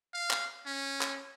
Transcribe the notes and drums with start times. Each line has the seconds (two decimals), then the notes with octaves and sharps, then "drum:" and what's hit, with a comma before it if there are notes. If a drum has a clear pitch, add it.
0.13 F5
0.31 drum: clap
0.66 C#4
1.01 drum: clap